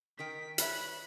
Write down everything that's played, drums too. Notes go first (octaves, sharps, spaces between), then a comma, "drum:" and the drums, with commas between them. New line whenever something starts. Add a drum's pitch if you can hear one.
D#3 A#4 G5 B6
B4 C#5 E5 B5 F#6, drum: hi-hat